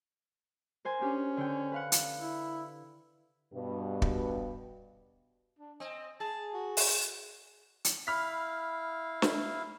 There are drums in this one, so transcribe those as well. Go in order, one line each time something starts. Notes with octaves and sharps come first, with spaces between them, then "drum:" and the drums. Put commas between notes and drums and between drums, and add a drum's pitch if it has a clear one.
A#4 C5 G#5
C#4 D4 G4
D3 G5
B4 F5 F#5
drum: hi-hat
E4
G2 B2
drum: kick
D4
C4 D#5
G#4 A5
F#4
drum: open hi-hat
drum: hi-hat
E4 F5 B5 F6 B6
drum: snare